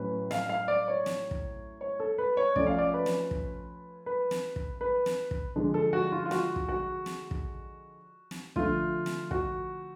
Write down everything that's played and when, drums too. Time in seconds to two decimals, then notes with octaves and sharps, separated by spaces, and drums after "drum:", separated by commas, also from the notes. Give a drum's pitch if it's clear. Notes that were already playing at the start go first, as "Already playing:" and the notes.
Already playing: A2 F#3 C#4 B4
0.31 F5, drum: snare
0.49 F5
0.68 D5
0.88 C#5
1.06 drum: snare
1.31 drum: kick
1.81 C#5
2.00 A4
2.18 B4
2.37 C#5
2.56 F3 A3 C#4 D5, drum: kick
2.67 F5
2.78 D5
2.94 B4
3.06 drum: snare
3.31 drum: kick
4.06 B4
4.31 drum: snare
4.56 drum: kick
4.81 B4
5.06 drum: snare
5.31 drum: kick
5.56 D3 F3 G#3 D4
5.74 A4
5.93 F#4
6.12 F4
6.26 F4
6.31 F#4, drum: snare
6.56 drum: kick
6.69 F#4
7.06 drum: snare
7.31 drum: kick
8.31 drum: snare
8.56 D3 F3 A3 F4, drum: kick
9.06 drum: snare
9.31 F#4, drum: kick